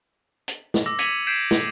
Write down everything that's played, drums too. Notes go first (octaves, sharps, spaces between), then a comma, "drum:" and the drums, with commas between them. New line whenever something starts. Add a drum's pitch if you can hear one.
drum: hi-hat
drum: snare
D6 E6 A#6
G#6 B6 C#7 D#7 F7 F#7, drum: hi-hat
G6 G#6 B6 C7 D7 E7
G#6 B6, drum: snare